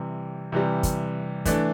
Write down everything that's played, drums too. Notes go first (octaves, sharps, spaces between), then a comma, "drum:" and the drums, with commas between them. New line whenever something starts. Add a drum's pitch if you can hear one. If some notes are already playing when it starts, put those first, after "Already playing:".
Already playing: C3 E3 G3
C3 E3 G3
drum: kick, hi-hat
E3 A3 D4, drum: kick, hi-hat